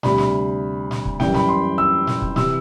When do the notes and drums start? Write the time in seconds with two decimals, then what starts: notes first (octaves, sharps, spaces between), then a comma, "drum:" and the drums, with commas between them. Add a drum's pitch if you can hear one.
0.03 D2 C3 G3 B5, drum: snare
0.18 drum: snare
0.91 drum: snare
1.05 drum: kick
1.20 F#2 E3 G3 G5, drum: snare
1.34 B5, drum: snare
1.49 C6
1.78 E6
2.07 drum: snare
2.22 drum: kick
2.36 C3 E3 E6, drum: snare